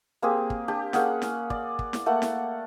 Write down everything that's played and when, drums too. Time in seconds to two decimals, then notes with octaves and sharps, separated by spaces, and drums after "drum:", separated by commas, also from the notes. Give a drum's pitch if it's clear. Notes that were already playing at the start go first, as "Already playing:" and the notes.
0.22 A#3 C4 G4 G#4
0.50 drum: kick
0.68 D4 G4
0.93 A#3 C#4 G#4 F#5, drum: snare
1.22 drum: snare
1.50 D5, drum: kick
1.79 drum: kick
1.93 drum: snare
2.06 A3 A#3 F#5
2.22 drum: snare